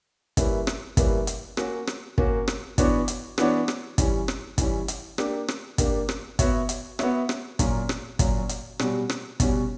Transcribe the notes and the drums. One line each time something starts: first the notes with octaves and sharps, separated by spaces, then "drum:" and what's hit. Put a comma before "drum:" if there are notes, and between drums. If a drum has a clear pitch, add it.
G3 A#3 C#4 E4 B4, drum: kick, hi-hat
drum: rim click
G3 A#3 C#4 E4 B4, drum: kick, hi-hat
drum: hi-hat
A#3 C#4 F#4, drum: rim click
drum: rim click
A#3 C#4 F#4, drum: kick
drum: rim click
E3 B3 D4 F#4 C#5, drum: kick, hi-hat
drum: hi-hat
E3 B3 D4 F#4 C#5, drum: rim click
drum: rim click
E3 G3 C#4, drum: kick, hi-hat
drum: rim click
E3 G3 C#4, drum: kick, hi-hat
drum: hi-hat
A#3 D4 G4, drum: rim click
drum: rim click
A#3 D4 G4, drum: kick, hi-hat
drum: rim click
B3 F#4 C#5 E5, drum: kick, hi-hat
drum: hi-hat
B3 F#4 C#5 E5, drum: rim click
drum: rim click
A#2 F#3 C#4, drum: kick, hi-hat
drum: rim click
A#2 F#3 C#4, drum: kick, hi-hat
drum: hi-hat
B2 G3 C#4 F#4, drum: rim click
drum: rim click
B2 G3 C#4 F#4, drum: kick, hi-hat